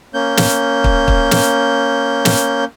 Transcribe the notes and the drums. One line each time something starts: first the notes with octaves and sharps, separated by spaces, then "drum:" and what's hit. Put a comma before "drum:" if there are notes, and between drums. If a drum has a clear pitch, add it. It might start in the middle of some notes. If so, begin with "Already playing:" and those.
A#3 C#4 G6
drum: snare
drum: kick
drum: kick
drum: snare
drum: snare